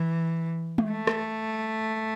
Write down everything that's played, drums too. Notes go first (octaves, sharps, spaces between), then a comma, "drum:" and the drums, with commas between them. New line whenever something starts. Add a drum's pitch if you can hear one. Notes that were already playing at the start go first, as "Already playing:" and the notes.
Already playing: E3
drum: tom G#3
A3
drum: rim click